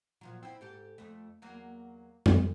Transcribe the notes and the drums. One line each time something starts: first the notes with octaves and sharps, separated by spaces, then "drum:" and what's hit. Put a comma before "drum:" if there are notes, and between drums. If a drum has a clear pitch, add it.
A#2 F3 F#3
C4 E4
G#2 G4 A4
F2 A3
E2 F#3 A#3
drum: tom F2